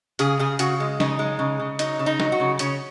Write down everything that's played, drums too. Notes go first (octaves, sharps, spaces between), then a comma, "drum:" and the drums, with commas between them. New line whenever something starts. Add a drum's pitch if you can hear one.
C#3 G#4, drum: hi-hat
C#3 G#4
C#3 F#4, drum: hi-hat
G#3
C#3 D#4, drum: snare
G#3
C#3
C#3
F#3 D#4, drum: hi-hat
C#3
D#4
F#3, drum: snare
F#4
C#3
C#3 C#4, drum: hi-hat